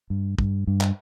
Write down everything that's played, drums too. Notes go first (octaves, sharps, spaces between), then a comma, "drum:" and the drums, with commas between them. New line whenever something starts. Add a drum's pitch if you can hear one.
G2
G2, drum: kick
G2
drum: clap